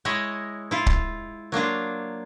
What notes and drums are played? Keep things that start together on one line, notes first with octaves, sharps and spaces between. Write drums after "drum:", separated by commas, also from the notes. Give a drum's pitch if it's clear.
G#3 E4 C#5 D#5
E4 F4
drum: kick C#1
F#3 A#3 D4 F4